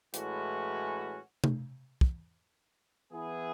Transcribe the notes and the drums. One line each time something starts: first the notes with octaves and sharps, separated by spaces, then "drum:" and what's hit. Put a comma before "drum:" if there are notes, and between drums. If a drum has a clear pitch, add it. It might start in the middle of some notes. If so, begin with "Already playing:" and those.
A2 E3 G#3 C#4 F#4, drum: hi-hat
drum: tom C3
drum: kick
E3 B3 E4 G#4